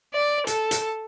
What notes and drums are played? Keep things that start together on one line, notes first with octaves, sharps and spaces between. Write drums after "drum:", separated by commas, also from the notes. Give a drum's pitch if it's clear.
D5
A4, drum: hi-hat
drum: hi-hat